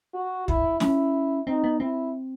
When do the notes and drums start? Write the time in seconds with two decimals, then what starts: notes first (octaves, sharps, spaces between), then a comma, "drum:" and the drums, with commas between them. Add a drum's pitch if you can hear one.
0.14 F#4
0.48 E4, drum: kick
0.80 C#4 E4, drum: snare
1.47 C4 D#4
1.64 B3
1.80 C4 E4